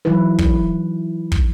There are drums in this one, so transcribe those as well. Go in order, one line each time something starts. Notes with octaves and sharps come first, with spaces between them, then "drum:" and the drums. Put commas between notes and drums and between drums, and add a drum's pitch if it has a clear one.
E3 F#3 D#4 E4 B4
drum: kick
drum: kick